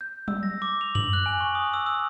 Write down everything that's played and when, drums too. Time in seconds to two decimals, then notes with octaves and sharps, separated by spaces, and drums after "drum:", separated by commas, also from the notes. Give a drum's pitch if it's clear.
0.01 G6
0.28 E6, drum: tom F#3
0.43 A#6
0.62 D6
0.81 F7
0.95 F#7, drum: tom F#2
1.13 F#6
1.26 G#5
1.41 C#6
1.55 D#6
1.74 E6
1.86 E6